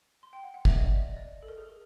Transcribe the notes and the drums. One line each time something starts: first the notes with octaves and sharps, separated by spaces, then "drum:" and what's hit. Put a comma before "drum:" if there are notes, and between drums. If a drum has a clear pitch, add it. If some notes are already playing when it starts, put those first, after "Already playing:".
C6
G5
F#5
F#5
E5, drum: kick
D#5
D5
D#5
D5
A4
A#4
G#4
A#4